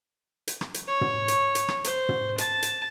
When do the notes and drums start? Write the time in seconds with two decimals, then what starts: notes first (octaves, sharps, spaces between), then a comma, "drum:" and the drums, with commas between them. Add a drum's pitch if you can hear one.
0.48 drum: hi-hat
0.61 drum: rim click
0.74 drum: hi-hat
0.88 C#5
1.01 drum: tom
1.28 drum: hi-hat
1.55 drum: hi-hat
1.68 drum: rim click
1.84 C5, drum: hi-hat
2.09 drum: tom
2.38 A5, drum: hi-hat
2.62 drum: hi-hat